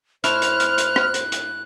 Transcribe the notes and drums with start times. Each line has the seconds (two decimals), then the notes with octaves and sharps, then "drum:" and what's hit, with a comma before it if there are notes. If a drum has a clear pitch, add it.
0.24 A2 E4 C5 F6 F#6, drum: hi-hat
0.42 drum: hi-hat
0.60 drum: hi-hat
0.78 drum: hi-hat
0.96 drum: rim click
1.14 drum: hi-hat
1.32 drum: hi-hat